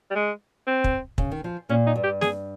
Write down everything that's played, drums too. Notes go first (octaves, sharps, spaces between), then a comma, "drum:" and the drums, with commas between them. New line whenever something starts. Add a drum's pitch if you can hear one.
G3
G#3
C4
drum: kick
C#3, drum: kick
D#3
F3
A#2 C#4
D#4
G2
G4
G#4, drum: snare